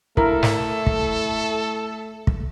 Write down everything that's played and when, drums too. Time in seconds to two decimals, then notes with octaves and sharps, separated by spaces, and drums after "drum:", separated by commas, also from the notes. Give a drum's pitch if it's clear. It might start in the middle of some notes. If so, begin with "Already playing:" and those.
0.17 A3 E4 A4 A#4, drum: kick
0.43 drum: snare
0.87 drum: kick
2.27 drum: kick